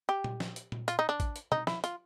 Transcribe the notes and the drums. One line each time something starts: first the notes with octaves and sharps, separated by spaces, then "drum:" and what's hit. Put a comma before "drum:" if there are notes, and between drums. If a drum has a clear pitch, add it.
G4
drum: tom A#2
drum: snare
drum: hi-hat
drum: tom A#2
F4, drum: hi-hat
D#4
D4
drum: kick A1, hi-hat
drum: hi-hat
D#4, drum: tom B2
E4, drum: snare
F4, drum: hi-hat